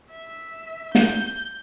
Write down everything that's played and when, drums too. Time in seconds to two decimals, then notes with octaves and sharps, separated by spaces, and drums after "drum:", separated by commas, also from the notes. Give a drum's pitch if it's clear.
0.12 E5
0.95 G6, drum: snare